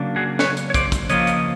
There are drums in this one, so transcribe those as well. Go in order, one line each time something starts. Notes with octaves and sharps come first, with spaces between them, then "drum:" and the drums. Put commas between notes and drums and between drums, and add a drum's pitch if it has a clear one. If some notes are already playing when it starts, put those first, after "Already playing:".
Already playing: C#3 F#3 A#3 D4
F#4 G#4
B4 C#5, drum: snare
drum: hi-hat
C#5
C5 D5, drum: kick, hi-hat
drum: kick, hi-hat
C#3 F3 A#3 F4 C#5 D#5, drum: hi-hat
drum: hi-hat